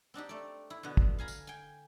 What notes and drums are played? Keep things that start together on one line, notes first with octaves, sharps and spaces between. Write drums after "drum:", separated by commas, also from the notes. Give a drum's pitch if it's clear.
C4 D4 D#4 G4
A3 D5
E4
B2 D3 B3
drum: kick
F5 G#5 A#5 B5
drum: tambourine
G5 G#5